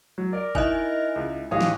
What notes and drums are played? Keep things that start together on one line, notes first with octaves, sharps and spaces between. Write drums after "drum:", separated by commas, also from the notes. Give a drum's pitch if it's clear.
F#3
A#4 D5
D#4 E4 D#5 G#5 F#6 F7, drum: kick F#1
C#2
D1 D#3 G4 C#5 D#5 F5 F#5 D#6
drum: snare